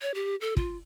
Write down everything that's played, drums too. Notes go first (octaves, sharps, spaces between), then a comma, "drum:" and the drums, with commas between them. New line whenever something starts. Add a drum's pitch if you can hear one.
C#5
G4
A4
F4, drum: kick